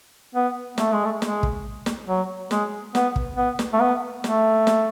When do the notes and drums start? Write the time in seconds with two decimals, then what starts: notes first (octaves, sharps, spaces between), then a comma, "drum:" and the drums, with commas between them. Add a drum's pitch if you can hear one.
0.35 B3
0.78 A3, drum: snare
0.92 G#3
1.05 A3
1.22 G#3, drum: snare
1.43 drum: kick
1.86 drum: snare
2.08 F#3
2.51 G#3, drum: snare
2.95 B3, drum: snare
3.16 drum: kick
3.37 B3
3.59 drum: snare
3.73 A3
3.80 B3
4.24 A3, drum: snare
4.67 drum: snare